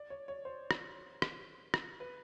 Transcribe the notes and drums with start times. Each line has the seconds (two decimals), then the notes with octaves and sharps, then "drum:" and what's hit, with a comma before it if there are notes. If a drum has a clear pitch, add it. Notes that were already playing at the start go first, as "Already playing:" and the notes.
Already playing: D5
0.10 C#5
0.28 C#5
0.45 C5
0.71 drum: rim click
1.22 drum: rim click
1.74 drum: rim click
2.00 B4